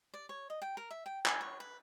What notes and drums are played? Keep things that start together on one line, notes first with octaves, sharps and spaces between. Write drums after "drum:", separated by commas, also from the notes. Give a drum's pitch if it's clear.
D5
C#5
D#5
G5
A#4
E5
G5
G#5, drum: clap
C#5
B4